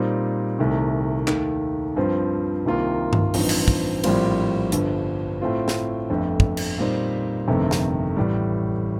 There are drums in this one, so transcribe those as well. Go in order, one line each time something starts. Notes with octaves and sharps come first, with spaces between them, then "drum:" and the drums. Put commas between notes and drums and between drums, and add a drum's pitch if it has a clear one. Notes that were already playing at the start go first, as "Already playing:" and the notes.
Already playing: A#2 G3 C4 D#4
C2 C3 D#3 A3
D#2 D#3 A3, drum: clap
G2 F3 C4 F4
C2 C3 D#3 A#3 F4
drum: tom G2
A1 G2 F3 C4 D#4, drum: open hi-hat
drum: cymbal
drum: kick
A#1 A2 G3 C4 F4, drum: cymbal
G1 G2 D3 F3, drum: hi-hat
A2 A3 C4 F4
drum: snare
G1 F2 D3 A3
drum: kick
drum: cymbal
A#2 G3 C4 D#4
G1 F2 C3 D#3 A3
drum: snare
A1 A2 G3